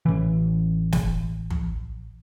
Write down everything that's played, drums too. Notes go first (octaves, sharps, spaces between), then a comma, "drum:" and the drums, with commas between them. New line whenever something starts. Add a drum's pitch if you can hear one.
A1 E3
drum: snare
drum: tom